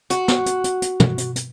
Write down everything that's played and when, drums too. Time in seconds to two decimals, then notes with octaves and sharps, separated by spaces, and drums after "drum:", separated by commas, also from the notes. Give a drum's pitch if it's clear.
0.10 F#4, drum: hi-hat
0.28 drum: snare
0.46 drum: hi-hat
0.64 drum: hi-hat
0.82 drum: hi-hat
1.00 drum: tom
1.18 drum: hi-hat
1.36 drum: hi-hat